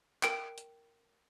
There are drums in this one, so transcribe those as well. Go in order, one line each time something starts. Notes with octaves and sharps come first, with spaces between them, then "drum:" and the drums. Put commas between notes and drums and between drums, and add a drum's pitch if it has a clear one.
A#4 G5 D7, drum: clap
drum: hi-hat